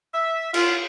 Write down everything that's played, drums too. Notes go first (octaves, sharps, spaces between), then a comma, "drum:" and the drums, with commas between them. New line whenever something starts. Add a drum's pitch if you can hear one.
E5
F4, drum: cymbal